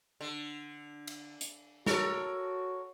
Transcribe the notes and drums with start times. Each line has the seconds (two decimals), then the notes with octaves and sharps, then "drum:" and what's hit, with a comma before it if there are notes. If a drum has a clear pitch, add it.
0.21 D3
1.07 drum: cymbal
1.41 drum: hi-hat
1.86 F#4 A4 A#4 C#5, drum: snare